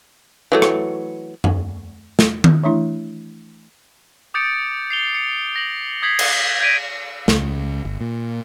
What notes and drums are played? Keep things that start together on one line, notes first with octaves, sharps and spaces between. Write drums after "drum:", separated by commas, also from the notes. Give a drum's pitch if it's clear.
E3 F#3 A3
drum: rim click
drum: tom F#2
drum: snare
drum: tom D#3
E3 A3 D4 E4
D6 D#6 G6 A6 C#7 D7
C7 F7 G7
C#7
A#6 F#7
D#6 G6 G#6 B6 C7 F#7
drum: cymbal
G6 G#6 A#6 B6 D7 D#7
C#2, drum: snare
G1
A#2